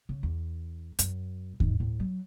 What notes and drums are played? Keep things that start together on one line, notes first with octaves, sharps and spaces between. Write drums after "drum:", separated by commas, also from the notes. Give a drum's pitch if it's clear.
C#3
E2
F#2, drum: hi-hat
G#2, drum: kick D#2
A2
F#3